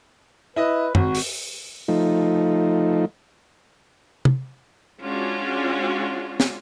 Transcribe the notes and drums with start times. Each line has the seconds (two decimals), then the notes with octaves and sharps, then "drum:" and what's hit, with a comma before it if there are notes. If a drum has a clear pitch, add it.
0.56 E4 B4 D#5
0.95 G#1 F#4, drum: tom
1.15 drum: open hi-hat
1.88 F3 A3 D#4
4.25 drum: tom
5.00 G#3 C#4 D4 F4 F#4
6.40 drum: snare